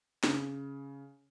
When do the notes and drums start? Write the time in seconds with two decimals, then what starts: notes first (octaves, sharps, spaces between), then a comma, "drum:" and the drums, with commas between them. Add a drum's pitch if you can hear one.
0.24 C#3, drum: snare